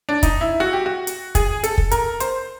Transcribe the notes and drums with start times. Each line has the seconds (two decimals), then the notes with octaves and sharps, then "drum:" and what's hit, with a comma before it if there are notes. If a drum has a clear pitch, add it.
0.09 D4
0.23 D#4, drum: kick, hi-hat
0.41 E4
0.60 F#4
0.73 G4
0.86 F#4
1.07 drum: hi-hat
1.35 G#4, drum: kick, hi-hat
1.64 A4, drum: hi-hat
1.78 drum: kick
1.91 A#4, drum: hi-hat
2.20 C5, drum: hi-hat